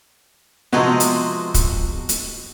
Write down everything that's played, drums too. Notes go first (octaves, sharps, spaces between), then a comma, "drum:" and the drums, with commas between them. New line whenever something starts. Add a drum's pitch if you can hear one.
C3 F3 G#3 B3 F#4 G#4 D#5
drum: hi-hat
drum: kick, hi-hat
drum: hi-hat